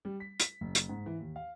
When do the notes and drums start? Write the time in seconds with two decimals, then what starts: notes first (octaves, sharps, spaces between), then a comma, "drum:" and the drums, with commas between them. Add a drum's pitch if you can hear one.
0.05 G3
0.20 B6
0.40 B6, drum: hi-hat
0.61 F#1
0.75 drum: hi-hat
0.89 G#2
1.06 E3
1.20 D#2
1.36 F5